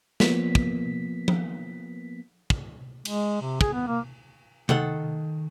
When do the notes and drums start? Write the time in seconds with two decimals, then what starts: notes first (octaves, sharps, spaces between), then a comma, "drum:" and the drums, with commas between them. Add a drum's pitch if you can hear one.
0.20 F3 A#3 B3 B6, drum: snare
0.55 drum: kick
1.28 drum: tom F3
2.50 drum: kick
3.05 G#3, drum: cymbal
3.42 C3
3.61 G#4, drum: kick
3.73 B3
3.87 A#3
4.69 D#3 A4 F#5, drum: tom C3